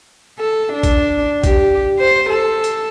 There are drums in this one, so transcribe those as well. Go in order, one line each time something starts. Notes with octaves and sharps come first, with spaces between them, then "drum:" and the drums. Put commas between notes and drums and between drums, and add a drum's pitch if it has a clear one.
A4
D4
drum: kick, hi-hat
G4, drum: kick, hi-hat
C5
A4
drum: hi-hat